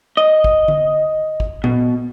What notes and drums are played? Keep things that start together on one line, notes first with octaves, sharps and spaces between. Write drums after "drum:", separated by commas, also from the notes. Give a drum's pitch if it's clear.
D#5
drum: kick
drum: tom D3
drum: kick
B2, drum: tom A#2